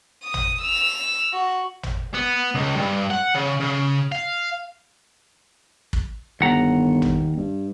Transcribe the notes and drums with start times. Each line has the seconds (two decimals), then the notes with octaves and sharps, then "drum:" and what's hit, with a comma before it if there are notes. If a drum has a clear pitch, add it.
0.24 D#6
0.34 drum: tom
0.62 E6 F7
1.33 F#4
1.83 drum: tom
2.14 B3
2.55 C#2
2.76 G2
3.10 F#5
3.35 C#3
3.60 C#3
4.12 F5
5.93 drum: kick
6.41 G1 D#2 F#5 A#5
7.02 drum: tom
7.37 G2